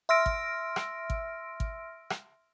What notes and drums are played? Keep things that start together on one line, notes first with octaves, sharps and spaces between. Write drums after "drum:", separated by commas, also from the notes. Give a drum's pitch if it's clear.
E5 C6 E6 F6 A#6 D7
drum: kick
drum: rim click
drum: kick
drum: kick
drum: rim click